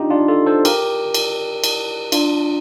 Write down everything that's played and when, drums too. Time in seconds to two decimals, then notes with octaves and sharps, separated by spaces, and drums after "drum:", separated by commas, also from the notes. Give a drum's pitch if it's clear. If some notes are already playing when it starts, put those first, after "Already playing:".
Already playing: D4 D#4 F4 G4
0.10 D4 F4
0.28 F4 A4
0.46 A4 C5
0.65 G4 A#4, drum: cymbal
1.14 drum: cymbal
1.64 drum: cymbal
2.12 D4 F4, drum: cymbal